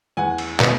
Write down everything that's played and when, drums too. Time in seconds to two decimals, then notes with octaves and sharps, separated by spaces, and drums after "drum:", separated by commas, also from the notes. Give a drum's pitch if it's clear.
0.17 E2 F#5 G#5
0.38 drum: cymbal
0.60 B2, drum: clap